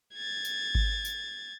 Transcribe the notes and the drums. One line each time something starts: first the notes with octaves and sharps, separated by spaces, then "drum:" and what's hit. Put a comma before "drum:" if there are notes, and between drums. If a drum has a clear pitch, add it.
G#6 A6
drum: tambourine
drum: kick G#1
drum: tambourine